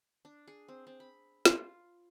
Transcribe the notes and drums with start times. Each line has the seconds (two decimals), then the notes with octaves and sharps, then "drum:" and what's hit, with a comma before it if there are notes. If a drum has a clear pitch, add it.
0.25 D4
0.48 G#4
0.68 C4
0.87 C4
1.00 B5
1.45 F4, drum: snare